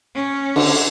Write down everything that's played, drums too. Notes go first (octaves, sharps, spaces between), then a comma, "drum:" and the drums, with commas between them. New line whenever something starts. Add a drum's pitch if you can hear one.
C#4
D3, drum: cymbal